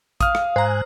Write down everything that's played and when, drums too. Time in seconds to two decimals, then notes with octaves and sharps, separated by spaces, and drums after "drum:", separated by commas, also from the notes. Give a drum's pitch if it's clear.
0.21 F5 D#6 F6, drum: kick, hi-hat
0.35 drum: rim click
0.56 G#2 C5 G#5 A#5 F#6